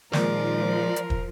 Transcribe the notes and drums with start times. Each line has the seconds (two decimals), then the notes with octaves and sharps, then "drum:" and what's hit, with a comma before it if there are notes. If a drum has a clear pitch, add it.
0.13 A#2 D#3 F3 G#3 A#4 D5, drum: snare
0.96 drum: hi-hat
1.10 drum: kick